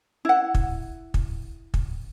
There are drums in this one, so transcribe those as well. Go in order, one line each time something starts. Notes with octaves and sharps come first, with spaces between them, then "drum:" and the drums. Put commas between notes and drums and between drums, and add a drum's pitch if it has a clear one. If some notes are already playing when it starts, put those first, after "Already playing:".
E4 F#5
drum: kick
drum: kick
drum: kick